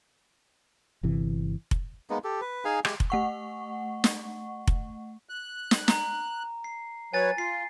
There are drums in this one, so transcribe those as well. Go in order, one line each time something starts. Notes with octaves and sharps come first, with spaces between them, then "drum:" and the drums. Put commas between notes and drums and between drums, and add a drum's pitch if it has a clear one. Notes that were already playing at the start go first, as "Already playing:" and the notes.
G1 C3 E3
drum: kick F1
G#3 A#3 B3 D#4
G4 A4
B4
D#4 G#4 F5 G#5
G#3 G4, drum: rim click
drum: kick F1
A3 F#5 C#6
drum: snare
drum: kick F1
F#6
drum: snare
A#5, drum: snare
C7
F#3 B4 C#5 G#5 A6
F4 C7